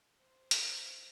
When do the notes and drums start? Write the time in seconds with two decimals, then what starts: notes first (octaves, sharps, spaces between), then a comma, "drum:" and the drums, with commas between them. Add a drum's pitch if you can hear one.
0.20 C5
0.51 drum: hi-hat